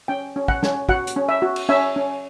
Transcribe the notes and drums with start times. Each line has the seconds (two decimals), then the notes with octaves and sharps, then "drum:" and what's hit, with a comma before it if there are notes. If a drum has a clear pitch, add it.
0.08 C#4 G5
0.36 C#4
0.48 F#5, drum: kick
0.63 C#4, drum: snare
0.89 F#4 F#5, drum: kick
1.07 drum: hi-hat
1.16 C#4
1.29 E5
1.42 F#4
1.56 drum: cymbal
1.69 C#4 E5
1.96 C#4